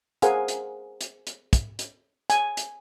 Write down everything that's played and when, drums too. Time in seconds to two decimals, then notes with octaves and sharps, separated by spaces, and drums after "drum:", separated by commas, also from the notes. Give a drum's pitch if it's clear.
0.22 G#4 A#4 C5 F5 F#5 G#5, drum: hi-hat
0.48 drum: hi-hat
1.01 drum: hi-hat
1.27 drum: hi-hat
1.53 drum: kick, hi-hat
1.79 drum: hi-hat
2.30 G#5, drum: hi-hat
2.57 drum: hi-hat